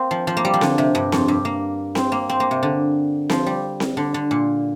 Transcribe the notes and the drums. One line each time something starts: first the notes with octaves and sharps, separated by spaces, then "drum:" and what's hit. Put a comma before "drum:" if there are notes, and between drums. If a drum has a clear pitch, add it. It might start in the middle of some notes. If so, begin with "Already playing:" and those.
Already playing: A#3 C4
F3
F3
A#3
G3
F3
D3, drum: snare C4
C3
G2
F2, drum: snare C4
G2
A#3
C4, drum: snare C4
A#3
C4
A#3
C3
D3
F3, drum: snare C4
G3
drum: snare C4
D3
D3
A#2